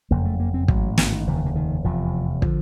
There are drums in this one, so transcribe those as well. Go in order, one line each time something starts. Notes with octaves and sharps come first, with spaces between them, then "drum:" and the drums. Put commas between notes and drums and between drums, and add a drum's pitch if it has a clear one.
F#1 F2 C#3 A#3
A3
A#3
C4
A1 G#2 F#3, drum: kick
D3, drum: snare
D#3
F1 D#2 C#3 E3
D#3
D3
D#3
F1 E2 C3 F3
D3 F3, drum: kick